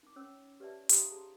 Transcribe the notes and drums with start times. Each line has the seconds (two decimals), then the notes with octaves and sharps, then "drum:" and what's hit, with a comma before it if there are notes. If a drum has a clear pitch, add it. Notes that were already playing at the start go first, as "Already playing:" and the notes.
0.03 D#4 D6
0.16 C#4 C#5 E6
0.60 G4 B4 C#5 D5 E5 A5
0.89 D#4 G4 F5 A#5 C6 D#6, drum: hi-hat
1.11 G4 G#4 A5 C6